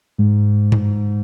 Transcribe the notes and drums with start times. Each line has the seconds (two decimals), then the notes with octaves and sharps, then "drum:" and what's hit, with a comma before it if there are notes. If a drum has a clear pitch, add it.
0.18 G#2
0.72 drum: tom G2